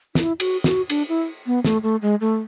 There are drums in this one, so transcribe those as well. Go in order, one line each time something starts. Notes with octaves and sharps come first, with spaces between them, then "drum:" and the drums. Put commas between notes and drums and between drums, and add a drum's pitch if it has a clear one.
E4, drum: snare
F#4, drum: cymbal
F#4, drum: snare
D4, drum: cymbal
E4
B3
A3, drum: snare
A3
G#3
A3